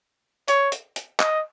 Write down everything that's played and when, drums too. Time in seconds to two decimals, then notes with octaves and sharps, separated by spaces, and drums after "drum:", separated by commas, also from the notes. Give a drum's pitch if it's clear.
0.48 C#5, drum: hi-hat
0.72 drum: hi-hat
0.96 drum: hi-hat
1.20 D#5, drum: clap